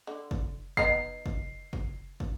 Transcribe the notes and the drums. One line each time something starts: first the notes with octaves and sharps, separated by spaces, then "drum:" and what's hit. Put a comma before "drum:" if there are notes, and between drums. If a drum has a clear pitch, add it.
D3
drum: kick
B3 D#4 C7, drum: kick
drum: kick
drum: kick
drum: kick